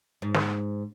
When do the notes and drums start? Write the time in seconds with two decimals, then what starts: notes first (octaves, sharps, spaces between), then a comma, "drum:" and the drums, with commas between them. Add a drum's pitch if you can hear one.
0.22 G#2
0.34 drum: snare